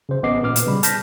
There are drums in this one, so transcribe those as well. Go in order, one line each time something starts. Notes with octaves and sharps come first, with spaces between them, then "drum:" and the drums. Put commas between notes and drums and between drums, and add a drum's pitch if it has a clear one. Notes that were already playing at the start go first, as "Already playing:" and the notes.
C#3 C5
A1 B3 C#4 D#5 D6 C7
A#2 B4 D6 F6
drum: hi-hat
C#3 G3 B5
A5 F6 G6 A#6 B6, drum: hi-hat